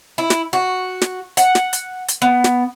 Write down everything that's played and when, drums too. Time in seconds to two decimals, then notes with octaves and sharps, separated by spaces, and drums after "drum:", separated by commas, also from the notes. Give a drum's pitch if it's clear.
0.18 E4
0.30 drum: snare
0.53 F#4
1.02 drum: snare
1.37 F#5, drum: hi-hat
1.55 drum: snare
1.73 drum: hi-hat
2.09 drum: hi-hat
2.22 B3
2.44 drum: snare